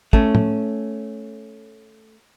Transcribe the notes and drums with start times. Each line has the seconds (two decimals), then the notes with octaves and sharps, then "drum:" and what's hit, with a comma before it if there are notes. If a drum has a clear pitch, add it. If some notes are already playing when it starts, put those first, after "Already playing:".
0.13 A3 C#4, drum: kick
0.35 drum: tom